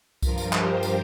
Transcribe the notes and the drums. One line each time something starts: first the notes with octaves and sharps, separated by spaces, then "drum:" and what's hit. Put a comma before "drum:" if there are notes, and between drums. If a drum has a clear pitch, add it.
G2 F3 F4 A#4, drum: kick C2, tambourine
drum: tambourine
G4 C5, drum: clap
drum: tambourine